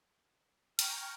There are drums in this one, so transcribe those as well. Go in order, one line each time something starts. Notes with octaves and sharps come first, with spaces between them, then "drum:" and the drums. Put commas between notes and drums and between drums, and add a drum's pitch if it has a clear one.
G5 G#5 A#5 C#6 F6, drum: hi-hat